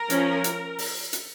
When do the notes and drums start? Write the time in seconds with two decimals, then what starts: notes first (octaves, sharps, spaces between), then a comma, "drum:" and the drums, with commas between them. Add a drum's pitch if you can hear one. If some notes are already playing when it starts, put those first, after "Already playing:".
Already playing: A#4
0.10 F3 C#4, drum: hi-hat
0.44 drum: hi-hat
0.78 drum: open hi-hat
1.13 drum: hi-hat